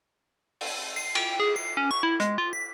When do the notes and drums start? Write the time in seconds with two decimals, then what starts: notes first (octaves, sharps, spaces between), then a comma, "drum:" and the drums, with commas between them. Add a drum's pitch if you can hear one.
0.61 drum: open hi-hat
0.96 C7
1.15 G5, drum: cymbal
1.40 G#4
1.56 C7
1.77 C#4
1.91 C#6
2.03 E4
2.20 G#3, drum: hi-hat
2.38 F4
2.53 B6